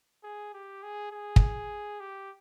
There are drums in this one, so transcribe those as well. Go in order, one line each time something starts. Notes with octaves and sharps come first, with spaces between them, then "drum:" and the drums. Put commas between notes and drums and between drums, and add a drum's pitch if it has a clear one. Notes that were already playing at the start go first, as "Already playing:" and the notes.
G#4
G4
G#4
G#4
drum: kick
G4